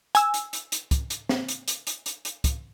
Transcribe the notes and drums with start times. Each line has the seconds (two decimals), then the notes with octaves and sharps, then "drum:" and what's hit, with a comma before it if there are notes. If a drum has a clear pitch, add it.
0.15 G#5 E6, drum: hi-hat
0.34 drum: hi-hat
0.53 drum: hi-hat
0.72 drum: hi-hat
0.91 drum: kick, hi-hat
1.10 drum: hi-hat
1.29 drum: snare
1.49 drum: hi-hat
1.68 drum: hi-hat
1.87 drum: hi-hat
2.06 drum: hi-hat
2.25 drum: hi-hat
2.44 drum: kick, hi-hat